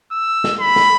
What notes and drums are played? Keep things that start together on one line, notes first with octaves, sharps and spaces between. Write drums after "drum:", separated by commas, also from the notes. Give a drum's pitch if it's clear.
E6
drum: snare
B5
drum: snare